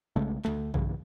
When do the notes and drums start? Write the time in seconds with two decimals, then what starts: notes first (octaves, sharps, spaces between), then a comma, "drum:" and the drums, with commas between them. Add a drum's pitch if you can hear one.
0.16 B1 C#3 G#3 A3
0.45 D2 A3, drum: clap
0.74 B1 G2 C#3 E3, drum: kick A#1